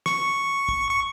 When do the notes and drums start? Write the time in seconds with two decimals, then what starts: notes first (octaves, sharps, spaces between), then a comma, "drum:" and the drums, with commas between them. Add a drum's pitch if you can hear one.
0.06 C#6, drum: snare
0.69 drum: kick
0.91 C#6